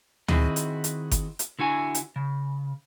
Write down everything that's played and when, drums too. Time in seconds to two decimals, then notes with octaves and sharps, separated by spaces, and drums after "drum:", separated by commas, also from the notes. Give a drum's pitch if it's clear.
0.28 D#3 C4 E4 F#4 G#4 D#5, drum: tom D2
0.56 drum: hi-hat
0.84 drum: hi-hat
1.11 drum: kick G1, hi-hat
1.39 drum: hi-hat
1.59 D3 E4 F#4 G#5
1.95 drum: hi-hat
2.16 C#3